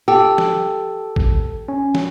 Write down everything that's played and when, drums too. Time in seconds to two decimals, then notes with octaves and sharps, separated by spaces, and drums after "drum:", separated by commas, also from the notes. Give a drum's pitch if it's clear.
0.08 G4 A4
0.38 drum: snare
1.16 drum: kick A1
1.68 C#4
1.95 drum: snare